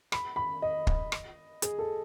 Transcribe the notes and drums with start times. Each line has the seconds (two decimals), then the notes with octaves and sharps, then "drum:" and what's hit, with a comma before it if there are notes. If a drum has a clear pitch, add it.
0.12 B5, drum: rim click
0.36 B5
0.62 D#5
0.87 drum: kick
1.12 drum: rim click
1.62 G#4, drum: hi-hat
1.79 A4